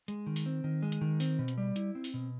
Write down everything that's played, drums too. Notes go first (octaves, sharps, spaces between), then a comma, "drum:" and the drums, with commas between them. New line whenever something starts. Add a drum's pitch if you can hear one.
G#3, drum: hi-hat
D#3
drum: open hi-hat
C4
D#3
G#3
drum: hi-hat
D#3
C4, drum: open hi-hat
B2
drum: hi-hat
G3
E4, drum: hi-hat
C4
drum: open hi-hat
B2